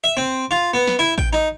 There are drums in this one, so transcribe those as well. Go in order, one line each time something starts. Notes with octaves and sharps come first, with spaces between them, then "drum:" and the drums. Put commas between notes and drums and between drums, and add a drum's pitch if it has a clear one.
E5
C4
F4
B3
drum: snare
E4
G5, drum: kick A1
D#4